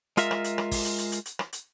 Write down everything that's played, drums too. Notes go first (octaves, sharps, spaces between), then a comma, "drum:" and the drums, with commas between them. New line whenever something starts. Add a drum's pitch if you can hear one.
G#3 F4 A#4 E5, drum: hi-hat
drum: rim click
drum: hi-hat
drum: rim click
drum: kick, open hi-hat
drum: hi-hat
drum: hi-hat
drum: hi-hat
drum: hi-hat
drum: rim click
drum: hi-hat